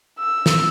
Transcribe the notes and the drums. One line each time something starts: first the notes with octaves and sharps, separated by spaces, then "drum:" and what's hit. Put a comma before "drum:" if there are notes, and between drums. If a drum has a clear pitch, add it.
E6
drum: snare